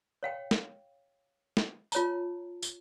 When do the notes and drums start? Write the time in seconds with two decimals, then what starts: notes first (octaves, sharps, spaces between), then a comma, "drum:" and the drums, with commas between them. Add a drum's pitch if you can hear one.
0.23 C#5 F5 G5
0.51 drum: snare
1.57 drum: snare
1.92 F4 C#5 A5 A#5, drum: tambourine
2.62 drum: tambourine